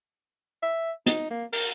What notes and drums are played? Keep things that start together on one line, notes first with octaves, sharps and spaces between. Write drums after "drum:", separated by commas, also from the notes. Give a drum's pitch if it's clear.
E5
D#4, drum: hi-hat
A#3
A#4, drum: open hi-hat